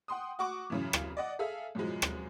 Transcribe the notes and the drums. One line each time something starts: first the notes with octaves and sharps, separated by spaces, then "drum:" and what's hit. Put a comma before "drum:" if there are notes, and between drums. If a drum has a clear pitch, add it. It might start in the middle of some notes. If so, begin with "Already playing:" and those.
F#5 G5 C6 D#6
F#4 F#5 C#6 D6
F#2 C#3 E3
drum: rim click
D5 D#5 F#5
G#4 A4 E5 F5
F#2 B2 E3 F3 G#3
drum: rim click